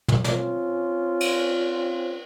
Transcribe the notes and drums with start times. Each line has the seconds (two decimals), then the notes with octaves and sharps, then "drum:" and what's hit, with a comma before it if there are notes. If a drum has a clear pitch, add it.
0.08 drum: tom
0.24 C4 C#4 F4, drum: snare
1.20 drum: cymbal